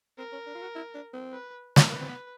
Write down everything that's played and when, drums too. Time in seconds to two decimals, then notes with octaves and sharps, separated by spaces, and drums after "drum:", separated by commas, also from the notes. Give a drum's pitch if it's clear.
0.18 C4 A#4
0.32 C#4
0.46 D4
0.55 F4
0.61 F#4
0.75 E4
0.94 D4
1.13 C4
1.33 B4
1.76 drum: snare
1.89 A#3 B4
2.00 C4
2.08 B3